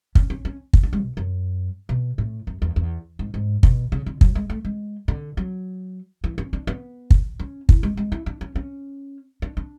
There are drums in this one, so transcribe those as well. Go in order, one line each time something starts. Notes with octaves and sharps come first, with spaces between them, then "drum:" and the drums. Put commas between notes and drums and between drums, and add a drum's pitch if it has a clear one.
C#4, drum: kick
C#4
C#4
drum: kick
D4
G#3
B2
F#2
B2
A2
F#2
E2
E2
G#2
G#2
B2, drum: kick
C#3
D3
F#3, drum: kick
G#3
A3
G#3
D3
F#3
E3
C#4
D4
B3
drum: kick
C#4
E4, drum: kick
G#3
G#3
E4
D4
C#4
C#4
D4
D4